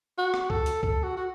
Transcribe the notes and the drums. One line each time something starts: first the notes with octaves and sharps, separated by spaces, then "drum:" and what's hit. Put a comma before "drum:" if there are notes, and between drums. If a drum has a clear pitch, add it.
F#4
drum: rim click
A4, drum: kick C#2
drum: hi-hat
A4, drum: kick C#2
F#4
F#4